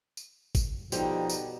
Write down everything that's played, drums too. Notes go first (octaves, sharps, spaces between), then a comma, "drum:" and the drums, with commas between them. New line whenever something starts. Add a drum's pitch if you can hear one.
drum: tambourine
drum: kick G#1, tambourine
B2 D3 F3 G3 D#4 G4 C5, drum: tambourine
drum: tambourine